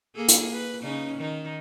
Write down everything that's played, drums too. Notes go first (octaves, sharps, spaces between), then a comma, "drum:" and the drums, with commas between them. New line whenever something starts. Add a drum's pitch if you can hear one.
A#3 G#4 A4
drum: hi-hat
B4
C#3 C#4 D#4
D#3 D#4